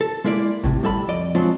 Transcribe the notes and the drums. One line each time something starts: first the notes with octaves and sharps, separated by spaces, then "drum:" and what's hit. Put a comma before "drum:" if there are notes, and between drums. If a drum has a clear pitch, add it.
A4
G#3 A#3 E4 C#5 D5
A2 C3, drum: kick
A2 G3 A4 F5 B5
F2 D5 D#5
F3 F#3 G#3 C4 D4 F4